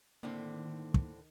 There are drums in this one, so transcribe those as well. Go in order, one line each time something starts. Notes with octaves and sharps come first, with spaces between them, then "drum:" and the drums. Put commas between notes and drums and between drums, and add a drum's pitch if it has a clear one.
A2 D3 D#3 A#3 C4
drum: kick